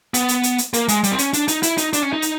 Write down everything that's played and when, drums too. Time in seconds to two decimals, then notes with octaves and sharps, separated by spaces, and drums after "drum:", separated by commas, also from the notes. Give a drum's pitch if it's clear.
0.14 B3, drum: hi-hat
0.28 drum: hi-hat
0.43 drum: hi-hat
0.58 drum: hi-hat
0.73 A#3, drum: hi-hat
0.88 G#3, drum: hi-hat
1.04 G3, drum: hi-hat
1.12 C4
1.18 C#4, drum: hi-hat
1.33 D4, drum: hi-hat
1.48 D#4, drum: hi-hat
1.63 E4, drum: hi-hat
1.78 D#4, drum: hi-hat
1.93 D4, drum: hi-hat
2.03 C#4
2.13 D#4
2.22 drum: hi-hat